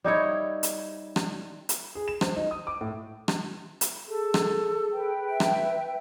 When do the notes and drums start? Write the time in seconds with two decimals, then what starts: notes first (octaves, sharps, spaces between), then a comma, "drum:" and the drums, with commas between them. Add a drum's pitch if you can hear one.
0.04 G3 D#4 E4 C#5
0.63 drum: hi-hat
1.16 drum: rim click
1.69 drum: hi-hat
1.95 G#4
2.08 E7
2.21 C5, drum: rim click
2.36 D#4
2.51 D#6
2.67 D6
2.81 A2
3.28 drum: rim click
3.81 drum: hi-hat
4.08 G#4 A4
4.34 drum: rim click
4.92 B4 G5
5.29 E5
5.40 drum: rim click